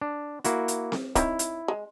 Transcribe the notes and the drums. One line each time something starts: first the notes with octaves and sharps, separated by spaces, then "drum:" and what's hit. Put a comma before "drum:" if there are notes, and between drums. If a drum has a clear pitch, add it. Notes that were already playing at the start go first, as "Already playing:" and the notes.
D4
A#3 E4 F#4, drum: hi-hat
drum: hi-hat
drum: snare C4
D#3 C4 E4 C#5, drum: kick, hi-hat
drum: hi-hat
G#3